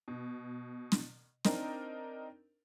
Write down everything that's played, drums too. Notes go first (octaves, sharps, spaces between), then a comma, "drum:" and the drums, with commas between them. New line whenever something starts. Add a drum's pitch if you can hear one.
B2
drum: snare
C4 D4 D#4 A#4, drum: snare